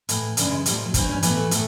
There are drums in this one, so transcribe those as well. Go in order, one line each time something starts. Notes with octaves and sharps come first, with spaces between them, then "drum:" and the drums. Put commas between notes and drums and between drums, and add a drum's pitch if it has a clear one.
A2 E3, drum: hi-hat
F#2 C#3 E3 D4, drum: hi-hat
G#3
A2 E3 G3, drum: hi-hat
F3
F#3
G2 E3 C4, drum: kick, hi-hat
C#4
A2 E3 B3, drum: hi-hat
A3
A2 A3, drum: hi-hat